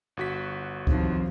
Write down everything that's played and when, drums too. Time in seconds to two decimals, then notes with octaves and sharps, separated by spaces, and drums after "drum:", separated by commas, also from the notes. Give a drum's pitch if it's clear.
0.17 G1 F#4 B6
0.87 F2 C3 D#3 F3, drum: kick C#2